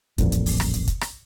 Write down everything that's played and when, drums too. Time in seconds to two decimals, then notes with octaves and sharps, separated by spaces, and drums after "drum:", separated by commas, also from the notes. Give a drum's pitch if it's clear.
0.18 D#1 A1 F2 A#2, drum: kick, hi-hat
0.32 drum: hi-hat
0.46 drum: open hi-hat
0.60 drum: rim click
0.74 drum: hi-hat
0.87 drum: kick, hi-hat
1.01 drum: rim click